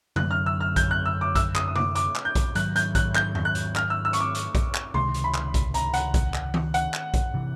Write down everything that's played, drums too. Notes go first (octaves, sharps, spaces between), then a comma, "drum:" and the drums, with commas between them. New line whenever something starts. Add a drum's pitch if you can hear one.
F#2 D3 F#3 F#6, drum: tom C3
F6
E6
F6
G6, drum: kick A#1, hi-hat
F#6
E6
D6
E6, drum: kick A#1, hi-hat
D#6, drum: clap
D#6
D6, drum: tom C3
D6, drum: hi-hat
drum: clap
G6
drum: kick A#1, hi-hat
G#2 D#3 F#3 F#6, drum: hi-hat
G6, drum: hi-hat
F#6, drum: kick A#1, hi-hat
G6, drum: clap
drum: tom F2
F#6
drum: hi-hat
F6, drum: clap
E6
E6
C#6, drum: hi-hat
D6
drum: hi-hat
drum: kick A#1, hi-hat
drum: clap
C#2 C3 D#3 G#3 C6, drum: tom C3
drum: hi-hat
B5
drum: clap
drum: kick A#1, hi-hat
A#5, drum: hi-hat
F#5, drum: hi-hat
drum: kick A#1, hi-hat
drum: clap
drum: tom D#3
F#5, drum: hi-hat
drum: clap
drum: kick A#1, hi-hat
C3 E3